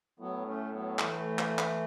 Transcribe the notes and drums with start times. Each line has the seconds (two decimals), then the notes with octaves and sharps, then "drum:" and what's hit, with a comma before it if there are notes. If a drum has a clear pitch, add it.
0.20 A2 F#3 B3
0.46 A3 C#4
0.72 F#3 B3
0.99 E3 A3, drum: clap
1.39 drum: clap
1.59 drum: clap